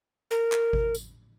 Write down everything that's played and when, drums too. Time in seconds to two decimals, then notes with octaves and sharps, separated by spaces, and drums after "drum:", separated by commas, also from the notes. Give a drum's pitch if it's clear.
0.31 A#4
0.52 drum: clap
0.73 drum: kick G#1
0.95 drum: tambourine